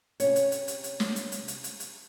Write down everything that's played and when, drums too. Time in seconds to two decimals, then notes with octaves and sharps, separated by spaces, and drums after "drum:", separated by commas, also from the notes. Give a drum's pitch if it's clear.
0.20 C3 C#4 C#5, drum: hi-hat
0.36 drum: hi-hat
0.52 drum: hi-hat
0.68 drum: hi-hat
0.84 drum: hi-hat
1.00 drum: snare
1.16 drum: hi-hat
1.32 drum: hi-hat
1.48 drum: hi-hat
1.64 drum: hi-hat
1.80 drum: hi-hat